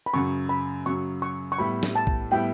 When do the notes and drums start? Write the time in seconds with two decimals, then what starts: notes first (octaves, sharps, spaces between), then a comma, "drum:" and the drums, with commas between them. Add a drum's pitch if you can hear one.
0.06 B5
0.14 F#2 C#3 F#3 C#6
0.49 B5
0.86 F#2 C#3 F#3 C#6
1.22 C#6
1.52 C#6
1.59 A2 G3 B3 E4 B5
1.83 drum: snare
1.95 A5
2.07 drum: kick
2.31 A2 G3 B3 E4 G5